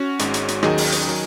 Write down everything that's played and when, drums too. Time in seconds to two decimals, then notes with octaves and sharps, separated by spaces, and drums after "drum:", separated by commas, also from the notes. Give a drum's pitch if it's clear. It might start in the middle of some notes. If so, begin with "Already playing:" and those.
Already playing: C#4 F#4
0.19 G#1 G#2 G#3, drum: hi-hat
0.34 drum: hi-hat
0.48 drum: hi-hat
0.63 D#2 D#3 F#3 D#4 G#4, drum: rim click
0.78 drum: open hi-hat
0.92 drum: hi-hat
1.07 D#3 F#3